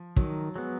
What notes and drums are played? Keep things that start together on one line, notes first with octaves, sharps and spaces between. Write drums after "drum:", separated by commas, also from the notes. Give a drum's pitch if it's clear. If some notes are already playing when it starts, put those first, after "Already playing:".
Already playing: F3
D#3 F#3, drum: kick
F#3 G#3 B3